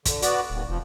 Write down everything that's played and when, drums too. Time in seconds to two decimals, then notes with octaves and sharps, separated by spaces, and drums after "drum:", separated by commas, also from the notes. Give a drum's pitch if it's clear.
0.06 D3, drum: kick, hi-hat
0.22 B3 F#4 D5, drum: hi-hat
0.50 D1 D#2
0.69 F1 F2 F3